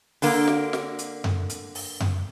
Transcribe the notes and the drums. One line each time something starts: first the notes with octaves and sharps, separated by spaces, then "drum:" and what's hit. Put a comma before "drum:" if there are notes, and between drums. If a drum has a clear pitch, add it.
D3 A#3, drum: open hi-hat
drum: snare
drum: snare
drum: hi-hat
drum: tom F#2
drum: hi-hat
drum: open hi-hat
drum: tom F#2